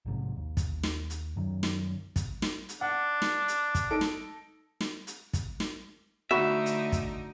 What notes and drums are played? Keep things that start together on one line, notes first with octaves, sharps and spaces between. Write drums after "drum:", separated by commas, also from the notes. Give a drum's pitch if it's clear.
A#1 G#2 C3
D#2
drum: kick, hi-hat
drum: snare
drum: hi-hat
F#2 D#3 F#3
drum: snare
drum: kick, hi-hat
drum: snare
drum: hi-hat
D4 F#5
drum: snare
drum: hi-hat
drum: kick, hi-hat
D#4 A4 D7
drum: snare
drum: snare
drum: hi-hat
drum: kick, hi-hat
drum: snare
D3 A3 D#4 F#4 E5 B5
drum: hi-hat
drum: kick, hi-hat